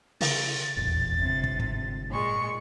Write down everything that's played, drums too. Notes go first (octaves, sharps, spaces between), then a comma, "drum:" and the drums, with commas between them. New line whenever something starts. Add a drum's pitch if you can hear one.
C#3 A6, drum: open hi-hat
D#1 A1 E2
G1 C3
drum: kick
G#2, drum: kick
A#2 G#3 C#6